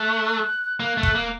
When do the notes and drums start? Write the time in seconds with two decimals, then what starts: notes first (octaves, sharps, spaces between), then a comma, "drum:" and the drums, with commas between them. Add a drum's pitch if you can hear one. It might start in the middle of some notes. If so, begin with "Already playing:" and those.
Already playing: A3 F#6
0.80 A#3 F#6
0.97 A3
1.03 F#6, drum: kick
1.15 A#3